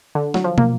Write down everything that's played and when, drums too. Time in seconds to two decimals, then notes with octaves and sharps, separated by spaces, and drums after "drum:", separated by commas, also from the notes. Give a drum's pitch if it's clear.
0.15 D3
0.34 F#3, drum: snare
0.44 F3
0.58 A#3, drum: tom